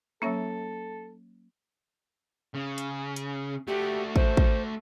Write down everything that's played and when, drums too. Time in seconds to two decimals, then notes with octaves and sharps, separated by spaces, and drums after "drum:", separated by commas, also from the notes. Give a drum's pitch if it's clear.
0.22 F#3 A#3 C#4 A4 C#5 E5
2.54 C#3
2.78 drum: hi-hat
3.16 drum: hi-hat
3.67 A3 F#4 G4
4.16 C5, drum: kick
4.37 drum: kick